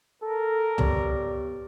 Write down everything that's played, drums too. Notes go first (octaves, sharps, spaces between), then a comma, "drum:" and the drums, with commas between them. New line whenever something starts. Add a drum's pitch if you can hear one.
A4 A#4
B3 G4 C#5 D5, drum: tom